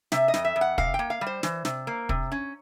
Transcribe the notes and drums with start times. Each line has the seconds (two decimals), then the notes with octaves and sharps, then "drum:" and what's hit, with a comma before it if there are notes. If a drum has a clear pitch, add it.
0.12 C3 E5, drum: snare
0.28 D#5
0.34 F2, drum: snare
0.45 E5
0.56 F2
0.61 F#5
0.78 C3 F5, drum: kick
0.94 G5
0.99 A#3
1.10 F5
1.21 G3
1.27 C5
1.43 E3, drum: snare
1.65 C3, drum: snare
1.87 A#3
2.09 C3, drum: kick
2.32 C#4